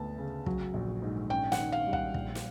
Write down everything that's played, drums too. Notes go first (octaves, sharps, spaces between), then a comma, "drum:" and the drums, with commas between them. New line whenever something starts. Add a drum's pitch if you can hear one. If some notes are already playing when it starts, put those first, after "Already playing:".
Already playing: D2 G#2 B3 A5
C#3
F#3, drum: kick
A#1
G#2
C#4 G5
F#5, drum: snare
D#3
F5
G3
F#5, drum: kick
A#1, drum: kick
drum: snare